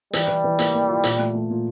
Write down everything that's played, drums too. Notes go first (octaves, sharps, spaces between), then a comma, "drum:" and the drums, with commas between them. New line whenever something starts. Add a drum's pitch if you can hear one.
E3 G3, drum: hi-hat
E3
E3
A#3, drum: hi-hat
A#3
F4
A#2, drum: hi-hat
A3
A3
A#2